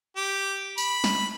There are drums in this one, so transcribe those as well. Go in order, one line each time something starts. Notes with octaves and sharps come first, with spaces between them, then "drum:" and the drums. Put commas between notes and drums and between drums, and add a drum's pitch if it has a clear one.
G4
B5, drum: tambourine
drum: snare